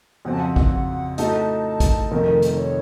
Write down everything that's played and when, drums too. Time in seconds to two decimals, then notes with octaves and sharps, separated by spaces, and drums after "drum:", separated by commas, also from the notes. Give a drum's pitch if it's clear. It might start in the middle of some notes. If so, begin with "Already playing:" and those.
0.25 F2 C#3 F#3 C4 F#5
0.33 A5
0.40 F#5
0.56 drum: kick G#1
1.18 A2 A3 D#4 F#4 A5, drum: hi-hat
1.80 drum: kick G#1, hi-hat
2.11 F1 F2 D#3 A3 A#4
2.42 drum: hi-hat
2.57 C#5